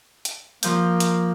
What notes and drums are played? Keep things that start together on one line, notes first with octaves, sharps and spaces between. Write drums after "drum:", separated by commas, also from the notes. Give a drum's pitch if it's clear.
drum: hi-hat
F3 A#3 G6, drum: hi-hat
drum: hi-hat